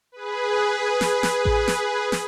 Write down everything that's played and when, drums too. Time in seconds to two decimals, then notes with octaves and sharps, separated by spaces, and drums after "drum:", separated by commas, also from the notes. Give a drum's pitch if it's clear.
0.12 G#4 B4
1.01 drum: snare
1.23 drum: snare
1.45 drum: kick A1
1.68 drum: snare
2.12 drum: snare